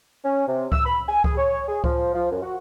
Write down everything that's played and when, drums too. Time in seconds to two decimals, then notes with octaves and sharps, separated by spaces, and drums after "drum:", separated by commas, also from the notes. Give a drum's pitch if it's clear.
0.25 C#4
0.47 C3
0.72 E6, drum: kick C#2
0.85 B5
1.08 G#5
1.24 G#4, drum: kick C#2
1.37 C#5
1.68 G#4
1.84 F3, drum: kick C#2
2.14 F3
2.31 F#2
2.43 F#4